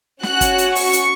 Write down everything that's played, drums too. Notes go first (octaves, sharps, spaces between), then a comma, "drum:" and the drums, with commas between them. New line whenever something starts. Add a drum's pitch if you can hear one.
C#4 F#4 F#6, drum: snare
drum: kick, hi-hat
drum: hi-hat
C#6, drum: open hi-hat
drum: hi-hat